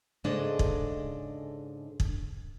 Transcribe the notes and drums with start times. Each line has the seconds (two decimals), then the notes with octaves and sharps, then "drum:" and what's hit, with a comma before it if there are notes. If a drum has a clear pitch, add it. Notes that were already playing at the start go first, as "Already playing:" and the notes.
0.24 G#2 C#3 G#3 D4 A4 D#5
0.59 drum: kick
2.00 drum: kick